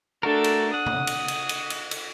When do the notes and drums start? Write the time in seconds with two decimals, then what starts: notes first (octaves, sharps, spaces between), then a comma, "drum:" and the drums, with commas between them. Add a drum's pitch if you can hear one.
0.23 A3 D4 F#4 A4 A#4
0.44 drum: cymbal
0.74 F#5 D#6
0.86 drum: tom C3
1.07 drum: cymbal
1.28 drum: cymbal
1.49 drum: cymbal
1.70 drum: cymbal
1.91 drum: cymbal